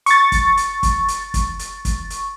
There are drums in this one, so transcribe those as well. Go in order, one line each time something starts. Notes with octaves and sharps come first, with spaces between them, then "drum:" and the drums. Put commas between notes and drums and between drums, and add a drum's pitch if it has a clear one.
C#6 A6, drum: hi-hat
drum: kick, hi-hat
drum: hi-hat
drum: kick, hi-hat
drum: hi-hat
drum: kick, hi-hat
drum: hi-hat
drum: kick, hi-hat
drum: hi-hat